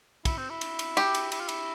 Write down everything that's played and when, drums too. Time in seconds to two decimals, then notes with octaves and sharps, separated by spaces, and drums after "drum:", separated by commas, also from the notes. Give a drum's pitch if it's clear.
0.25 E4, drum: kick, cymbal
0.37 C4
0.50 E4
0.61 drum: cymbal
0.79 drum: cymbal
0.97 G4, drum: cymbal
1.15 drum: cymbal
1.32 E4, drum: cymbal
1.40 F4
1.49 E4, drum: cymbal